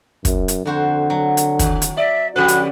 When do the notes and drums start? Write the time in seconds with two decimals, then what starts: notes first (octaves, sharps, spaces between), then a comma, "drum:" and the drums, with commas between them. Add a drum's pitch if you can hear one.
0.25 F#2, drum: kick, hi-hat
0.48 drum: hi-hat
0.66 F2 D3 F#4 C5
1.10 F#3
1.37 drum: hi-hat
1.59 D#3, drum: kick, hi-hat
1.82 drum: hi-hat
1.97 D5 E5
2.36 D3 F3 C#4 F#4 G4 B4 F#6
2.48 drum: hi-hat